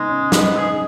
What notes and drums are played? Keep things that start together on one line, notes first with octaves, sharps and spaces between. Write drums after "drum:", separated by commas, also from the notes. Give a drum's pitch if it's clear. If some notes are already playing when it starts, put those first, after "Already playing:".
Already playing: C#3 G#3 B3 D#4
C#4
B3 D#4, drum: snare
C#4 G#4